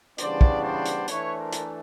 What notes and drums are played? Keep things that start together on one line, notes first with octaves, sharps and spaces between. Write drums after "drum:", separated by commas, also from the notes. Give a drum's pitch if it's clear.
C#3 E3 G3 B3 D4 C5 D5, drum: hi-hat
drum: kick
C5 D5
drum: hi-hat
E3 A3 D4 B4 C#5, drum: hi-hat
A#4 C5
drum: hi-hat